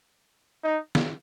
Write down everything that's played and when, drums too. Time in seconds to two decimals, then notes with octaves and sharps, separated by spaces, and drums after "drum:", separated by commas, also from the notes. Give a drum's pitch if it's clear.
0.64 D#4
0.95 drum: snare